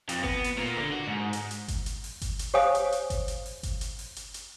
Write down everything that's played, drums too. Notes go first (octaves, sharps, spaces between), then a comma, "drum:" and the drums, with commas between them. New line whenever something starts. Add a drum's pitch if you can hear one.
F2, drum: hi-hat
B3, drum: kick G1
drum: hi-hat
A#2 A#3
D3
F#4
G#2
drum: hi-hat
drum: hi-hat
drum: kick G1, hi-hat
drum: hi-hat
drum: open hi-hat
drum: kick G1, hi-hat
drum: hi-hat
G4 C5 C#5 F5 G#5 D#6
drum: hi-hat
drum: hi-hat
drum: kick G1, hi-hat
drum: hi-hat
drum: open hi-hat
drum: kick G1, hi-hat
drum: hi-hat
drum: open hi-hat
drum: hi-hat
drum: hi-hat